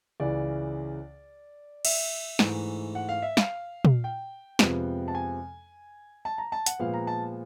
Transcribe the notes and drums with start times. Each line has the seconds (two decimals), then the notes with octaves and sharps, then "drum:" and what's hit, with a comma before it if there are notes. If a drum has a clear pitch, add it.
0.20 C#2 C#3 E3 D5
1.85 E5, drum: cymbal
2.39 G#2 E3 A3, drum: snare
2.95 F#5
3.09 F5
3.22 E5
3.37 F5, drum: snare
3.85 drum: tom
4.04 G5
4.59 F2 C3 F3 G#3 B3, drum: snare
5.08 A5
5.15 G#5
6.25 A5
6.38 A#5
6.52 A5
6.66 F#5, drum: hi-hat
6.79 A#2 F3 G#3 B3 F5
6.94 A#5
7.07 A5